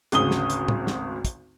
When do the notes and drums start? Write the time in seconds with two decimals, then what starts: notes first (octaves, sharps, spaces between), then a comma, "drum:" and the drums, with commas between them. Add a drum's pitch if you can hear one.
0.12 G#1 D2 C#3 D#6 G7, drum: hi-hat
0.31 drum: snare
0.50 drum: hi-hat
0.68 drum: tom A2
0.87 drum: snare
1.25 drum: kick, hi-hat